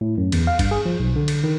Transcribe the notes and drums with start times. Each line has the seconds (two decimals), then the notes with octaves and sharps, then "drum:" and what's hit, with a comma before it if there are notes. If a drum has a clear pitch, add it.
0.01 A2
0.18 F#2
0.32 E2, drum: cymbal
0.47 F5
0.59 G2, drum: kick, cymbal
0.71 G#4
0.86 F3
1.00 B1
1.16 D3
1.28 drum: cymbal
1.44 D#3